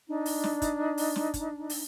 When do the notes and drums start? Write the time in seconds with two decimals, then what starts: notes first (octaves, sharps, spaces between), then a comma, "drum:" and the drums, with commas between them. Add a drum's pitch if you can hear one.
0.08 D4 D#4
0.26 drum: open hi-hat
0.44 drum: snare
0.62 drum: kick, hi-hat
0.98 drum: open hi-hat
1.16 drum: snare
1.34 drum: kick, hi-hat
1.70 drum: open hi-hat